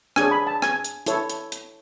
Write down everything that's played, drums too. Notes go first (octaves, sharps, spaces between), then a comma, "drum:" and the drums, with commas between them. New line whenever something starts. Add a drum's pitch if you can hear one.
D4 G#4 C#5 G#5, drum: rim click
B5
A5
G#5, drum: rim click
drum: hi-hat
E4 A4 C#5, drum: hi-hat
drum: hi-hat
drum: hi-hat